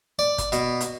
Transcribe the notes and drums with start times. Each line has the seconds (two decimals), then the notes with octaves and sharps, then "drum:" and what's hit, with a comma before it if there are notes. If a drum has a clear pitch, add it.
0.19 D5
0.38 drum: kick, hi-hat
0.52 B2, drum: hi-hat
0.81 drum: hi-hat